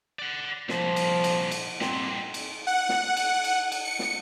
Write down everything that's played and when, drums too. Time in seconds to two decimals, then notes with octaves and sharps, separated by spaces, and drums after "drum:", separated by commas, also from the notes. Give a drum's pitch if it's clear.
0.19 D5 F#5
0.69 C2 A#2 F3, drum: snare
0.96 drum: cymbal
1.24 drum: cymbal
1.51 drum: cymbal
1.81 G2 A#2 C4, drum: snare
2.34 drum: cymbal
2.67 F#5
2.89 drum: snare
3.17 drum: cymbal
3.44 drum: cymbal
3.72 drum: cymbal
3.85 C#7
3.99 drum: snare